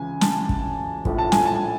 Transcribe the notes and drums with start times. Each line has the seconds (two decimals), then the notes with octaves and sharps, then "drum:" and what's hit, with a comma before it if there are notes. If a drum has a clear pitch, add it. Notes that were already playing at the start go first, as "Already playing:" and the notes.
Already playing: C#2 C#3 E3 G#5
0.21 A5, drum: snare
0.49 drum: kick
1.05 A#1 A2 F3 A3, drum: kick
1.18 A5
1.32 G#5, drum: snare
1.45 A5